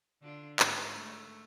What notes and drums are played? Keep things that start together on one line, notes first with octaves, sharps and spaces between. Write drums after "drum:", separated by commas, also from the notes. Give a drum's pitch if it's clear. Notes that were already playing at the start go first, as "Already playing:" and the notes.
D3 D4 F4
G#2, drum: clap
A3